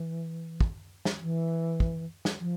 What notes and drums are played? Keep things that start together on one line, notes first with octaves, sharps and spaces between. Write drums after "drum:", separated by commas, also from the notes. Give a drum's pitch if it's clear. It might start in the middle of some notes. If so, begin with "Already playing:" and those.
Already playing: E3
drum: kick
drum: snare
E3
drum: kick
drum: snare
F3